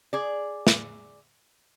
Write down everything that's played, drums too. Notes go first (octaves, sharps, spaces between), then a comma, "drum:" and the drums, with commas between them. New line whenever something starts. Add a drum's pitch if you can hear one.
G#4 D5
drum: snare